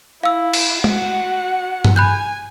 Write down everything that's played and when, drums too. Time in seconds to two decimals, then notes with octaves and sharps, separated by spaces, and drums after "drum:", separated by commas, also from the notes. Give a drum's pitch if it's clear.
0.23 E4 F5 E6
0.54 drum: cymbal
0.84 F#4 F#5, drum: tom G#3
1.85 drum: tom G2
1.96 G#5 B5 F#6 G6